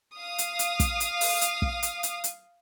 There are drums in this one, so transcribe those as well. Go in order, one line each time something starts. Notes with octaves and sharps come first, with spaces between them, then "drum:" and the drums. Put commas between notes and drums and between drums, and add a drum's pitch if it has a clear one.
F5 D#6
drum: hi-hat
drum: hi-hat
drum: kick, hi-hat
drum: hi-hat
drum: open hi-hat
drum: hi-hat
drum: kick
drum: hi-hat
drum: hi-hat
drum: hi-hat